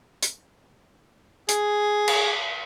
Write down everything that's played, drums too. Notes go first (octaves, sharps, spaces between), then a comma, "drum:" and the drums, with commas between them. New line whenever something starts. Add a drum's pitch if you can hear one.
drum: hi-hat
G#4, drum: hi-hat
drum: cymbal